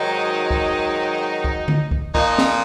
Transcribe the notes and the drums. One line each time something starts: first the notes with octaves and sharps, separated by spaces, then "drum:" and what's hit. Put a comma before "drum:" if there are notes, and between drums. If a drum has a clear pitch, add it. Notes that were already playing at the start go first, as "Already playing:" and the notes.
Already playing: G#2 D#3 F#3 D#4
drum: kick
drum: kick
drum: tom D3
drum: kick
A#2 F3 D#4, drum: kick
drum: snare